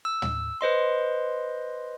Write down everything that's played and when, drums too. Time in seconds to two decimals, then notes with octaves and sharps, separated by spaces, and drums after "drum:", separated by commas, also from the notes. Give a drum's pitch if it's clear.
0.05 E6
0.22 drum: tom
0.61 B4 C5 D#5 C6